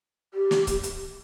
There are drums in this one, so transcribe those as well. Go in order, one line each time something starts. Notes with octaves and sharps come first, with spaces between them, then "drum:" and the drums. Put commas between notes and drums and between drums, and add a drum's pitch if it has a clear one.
G4
drum: snare
drum: kick, hi-hat
drum: hi-hat